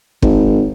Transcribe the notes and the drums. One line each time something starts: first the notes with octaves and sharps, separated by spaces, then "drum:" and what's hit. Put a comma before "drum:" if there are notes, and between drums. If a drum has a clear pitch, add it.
G#1, drum: kick